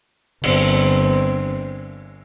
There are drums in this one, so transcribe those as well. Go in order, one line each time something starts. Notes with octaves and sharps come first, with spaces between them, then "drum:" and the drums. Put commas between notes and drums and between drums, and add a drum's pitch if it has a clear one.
G1 C4, drum: cymbal